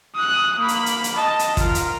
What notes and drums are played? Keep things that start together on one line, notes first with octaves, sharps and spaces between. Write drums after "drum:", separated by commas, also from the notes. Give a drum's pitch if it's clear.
D#6 F#6
A#3 B5
drum: hi-hat
drum: hi-hat
drum: hi-hat
D#5 A5
drum: hi-hat
F4 A#4, drum: kick, hi-hat
drum: hi-hat